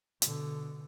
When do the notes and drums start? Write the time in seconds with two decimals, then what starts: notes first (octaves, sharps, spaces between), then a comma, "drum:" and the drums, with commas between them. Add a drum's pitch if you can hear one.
0.22 B2 D3, drum: hi-hat